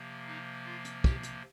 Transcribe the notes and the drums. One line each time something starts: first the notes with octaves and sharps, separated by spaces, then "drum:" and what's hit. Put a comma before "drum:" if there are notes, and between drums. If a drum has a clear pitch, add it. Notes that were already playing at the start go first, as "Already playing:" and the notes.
Already playing: C3 F3 A#3
D#4
F4
drum: hi-hat
G4, drum: kick
drum: hi-hat